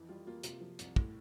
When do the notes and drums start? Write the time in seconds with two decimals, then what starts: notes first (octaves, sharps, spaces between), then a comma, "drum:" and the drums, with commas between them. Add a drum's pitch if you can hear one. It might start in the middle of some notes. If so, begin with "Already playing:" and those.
Already playing: F2 E3
0.09 G3 F4
0.27 A#3 F4
0.44 C3 F4, drum: hi-hat
0.61 F3
0.79 C2, drum: hi-hat
0.96 A2, drum: kick